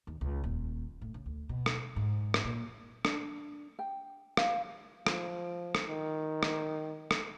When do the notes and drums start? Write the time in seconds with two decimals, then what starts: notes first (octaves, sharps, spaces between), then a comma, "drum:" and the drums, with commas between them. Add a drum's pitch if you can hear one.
0.07 D#2
0.21 C#2
0.44 D#1
1.02 A2
1.14 C#3
1.26 D2
1.49 B2
1.66 drum: rim click
1.96 G#2
2.34 drum: rim click
2.45 A#2
3.05 D4, drum: rim click
3.79 G5
4.37 F5, drum: rim click
5.06 F3, drum: rim click
5.75 drum: rim click
5.89 D#3
6.43 drum: rim click
7.11 drum: rim click